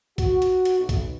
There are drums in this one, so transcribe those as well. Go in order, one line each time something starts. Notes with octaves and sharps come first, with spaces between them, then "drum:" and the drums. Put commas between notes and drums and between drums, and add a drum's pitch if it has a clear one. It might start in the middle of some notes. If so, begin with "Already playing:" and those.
F#4, drum: kick A#1, hi-hat
drum: hi-hat
drum: hi-hat
B1
drum: kick A#1, hi-hat